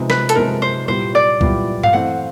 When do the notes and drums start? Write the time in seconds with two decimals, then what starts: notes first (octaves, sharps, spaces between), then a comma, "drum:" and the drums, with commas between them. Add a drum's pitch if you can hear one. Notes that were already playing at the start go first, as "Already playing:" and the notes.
Already playing: C3 F3 G#3 B3 D#4
0.10 B4, drum: snare
0.29 A4, drum: hi-hat
0.35 C3 F3 G#3 B3 D#4 A#4
0.62 C5
0.88 A#2 G3 B3 E4 G4 C5
1.15 D5
1.41 A#2 G3 B3 E4 G4, drum: kick B1
1.83 F5, drum: tom G2
1.93 E3 A3 C4 F#5